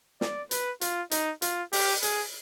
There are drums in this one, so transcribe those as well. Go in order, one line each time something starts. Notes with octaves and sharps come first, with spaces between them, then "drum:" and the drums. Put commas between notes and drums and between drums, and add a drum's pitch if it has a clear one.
D5, drum: snare
B4, drum: hi-hat
F4, drum: hi-hat
D#4, drum: hi-hat
F4, drum: hi-hat
G4, drum: open hi-hat
G#4, drum: hi-hat